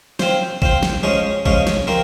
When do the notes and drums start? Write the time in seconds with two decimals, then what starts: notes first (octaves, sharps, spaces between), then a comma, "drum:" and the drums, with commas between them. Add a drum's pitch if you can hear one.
0.19 C4 F4 C5, drum: snare
0.62 C4 F4 C5, drum: kick
0.83 drum: snare
1.03 F3 G#3 C#4 F4 G#4
1.45 F3 G#3 C#4 F4 G#4, drum: kick
1.67 drum: snare
1.87 F3 C4 F4 A#4